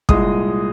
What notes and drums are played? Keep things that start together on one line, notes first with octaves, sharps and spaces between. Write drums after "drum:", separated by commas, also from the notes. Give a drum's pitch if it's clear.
C2 A#2 G#3 D#6, drum: kick